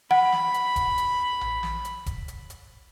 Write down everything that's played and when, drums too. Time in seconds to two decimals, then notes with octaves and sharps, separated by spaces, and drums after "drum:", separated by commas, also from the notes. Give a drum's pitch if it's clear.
0.11 F#5 B5
0.32 drum: snare
0.54 drum: hi-hat
0.76 drum: kick E1, hi-hat
0.98 drum: hi-hat
1.41 drum: tom A#1
1.63 drum: snare
1.85 drum: hi-hat
2.06 drum: kick E1, hi-hat
2.28 drum: hi-hat
2.50 drum: hi-hat